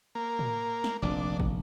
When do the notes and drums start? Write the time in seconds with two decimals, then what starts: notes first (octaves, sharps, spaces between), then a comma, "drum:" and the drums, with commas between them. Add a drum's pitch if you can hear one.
0.15 A#3
0.39 drum: tom
0.84 drum: snare
1.02 F1 A#1 D4
1.40 drum: kick